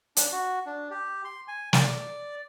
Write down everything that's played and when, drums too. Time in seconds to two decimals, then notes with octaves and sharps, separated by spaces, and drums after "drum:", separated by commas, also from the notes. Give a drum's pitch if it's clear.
0.17 D4, drum: hi-hat
0.32 F#4
0.66 D4
0.91 G4
1.25 C6
1.48 G#5
1.73 D5, drum: snare